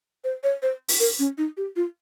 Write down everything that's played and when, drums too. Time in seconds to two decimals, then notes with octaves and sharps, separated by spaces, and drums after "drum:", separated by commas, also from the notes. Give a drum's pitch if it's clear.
0.24 C5
0.44 C#5
0.62 C5
0.88 drum: open hi-hat
1.00 A#4
1.19 C#4
1.38 D#4
1.57 G4
1.76 F4